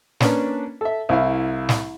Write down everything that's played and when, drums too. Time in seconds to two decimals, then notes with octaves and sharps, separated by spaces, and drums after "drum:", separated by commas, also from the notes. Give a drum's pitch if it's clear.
0.20 A#3 C#4 D4 B4, drum: snare
0.81 A4 E5
1.09 C2 E4 F5
1.69 drum: snare